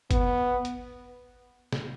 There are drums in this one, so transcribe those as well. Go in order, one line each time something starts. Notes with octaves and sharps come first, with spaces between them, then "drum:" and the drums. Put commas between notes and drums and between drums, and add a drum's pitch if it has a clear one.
B3, drum: kick G1, hi-hat
drum: hi-hat
drum: snare